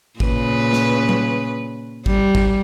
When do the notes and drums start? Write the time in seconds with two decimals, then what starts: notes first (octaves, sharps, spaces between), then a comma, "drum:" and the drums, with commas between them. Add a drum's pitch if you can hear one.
0.20 A#2 C#3 B4, drum: kick G#1
0.73 drum: snare
1.09 drum: tom F#3
2.06 G3, drum: kick G#1
2.35 drum: kick G#1